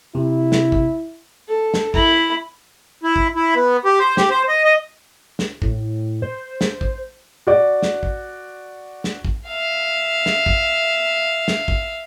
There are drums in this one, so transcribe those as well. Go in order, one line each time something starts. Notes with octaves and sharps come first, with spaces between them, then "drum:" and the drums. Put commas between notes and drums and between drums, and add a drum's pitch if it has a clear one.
C3 E4
drum: snare
drum: kick
A4
drum: snare
E4 B5, drum: kick
E4
drum: kick
E4
B3
G4
C5
G4, drum: snare
C5
D#5
D#5
drum: snare
A2, drum: kick
C5
drum: snare
drum: kick
F#4 D5
drum: snare
drum: kick
drum: snare
drum: kick
E5 F5
drum: snare
drum: kick
drum: snare
drum: kick